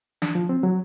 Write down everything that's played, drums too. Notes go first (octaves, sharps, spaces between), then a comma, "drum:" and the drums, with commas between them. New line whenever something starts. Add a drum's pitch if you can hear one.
D4, drum: snare
F3
C4
F#3